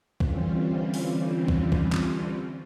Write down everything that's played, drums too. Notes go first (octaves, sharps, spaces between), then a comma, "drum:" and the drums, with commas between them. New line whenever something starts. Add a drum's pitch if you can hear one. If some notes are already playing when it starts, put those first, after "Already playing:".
D3 E3 G3 C4 C#4 F4, drum: kick B1
drum: open hi-hat
drum: kick B1
drum: kick B1
drum: clap